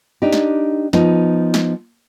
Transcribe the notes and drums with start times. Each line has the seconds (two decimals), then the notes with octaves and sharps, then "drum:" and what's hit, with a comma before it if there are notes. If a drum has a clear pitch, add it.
0.22 D4 D#4 G4
0.33 drum: snare
0.93 F3 B3 D#4, drum: snare
1.54 drum: snare